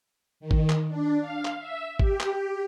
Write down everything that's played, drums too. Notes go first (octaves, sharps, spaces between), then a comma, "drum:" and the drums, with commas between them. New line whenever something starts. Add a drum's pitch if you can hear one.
D#3
drum: kick G#1
drum: clap
D4
F5
drum: clap
E5
G4, drum: kick G#1
drum: clap